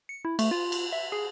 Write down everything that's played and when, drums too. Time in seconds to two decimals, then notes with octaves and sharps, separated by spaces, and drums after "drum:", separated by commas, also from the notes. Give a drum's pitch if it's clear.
0.09 C#7
0.25 E4
0.39 A3, drum: cymbal
0.51 F4
0.72 drum: cymbal
0.92 E5
1.12 G#4